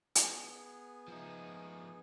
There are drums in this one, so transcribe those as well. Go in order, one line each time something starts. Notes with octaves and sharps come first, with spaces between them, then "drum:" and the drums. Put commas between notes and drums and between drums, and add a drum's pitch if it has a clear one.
drum: hi-hat
B3 G#4
F3 D#4